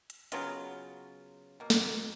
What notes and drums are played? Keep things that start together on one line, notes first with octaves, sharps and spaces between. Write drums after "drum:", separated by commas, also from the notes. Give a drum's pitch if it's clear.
drum: hi-hat
C#3 F#3 B3 F4, drum: hi-hat
B2 A#3
drum: snare